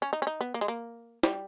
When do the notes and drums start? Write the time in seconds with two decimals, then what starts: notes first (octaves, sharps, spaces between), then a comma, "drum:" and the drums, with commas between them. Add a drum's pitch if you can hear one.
0.02 C#4
0.13 D#4
0.22 C#4
0.27 D#4
0.41 B3
0.54 A#3
0.61 G#3, drum: hi-hat
0.68 A#3
1.23 G3, drum: snare